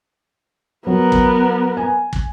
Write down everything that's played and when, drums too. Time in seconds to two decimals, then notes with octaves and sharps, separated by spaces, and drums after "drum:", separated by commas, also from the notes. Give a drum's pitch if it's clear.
0.87 F#3 B3 A#4
1.12 drum: kick
1.77 G#5
2.13 drum: kick